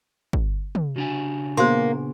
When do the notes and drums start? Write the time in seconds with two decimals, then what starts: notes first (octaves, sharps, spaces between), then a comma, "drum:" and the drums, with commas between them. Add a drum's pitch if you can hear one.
0.33 drum: kick
0.75 drum: tom
0.96 C#3 D4 F#4 G#5
1.57 A#2 A#3 B3 G#4 C5 C6